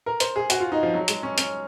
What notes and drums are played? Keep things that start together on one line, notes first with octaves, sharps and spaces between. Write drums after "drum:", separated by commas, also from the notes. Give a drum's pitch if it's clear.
A#4
C5, drum: hi-hat
G#4
F#4, drum: hi-hat
F4
D#4
F3
F#3
G#3, drum: hi-hat
C#4
C#4, drum: hi-hat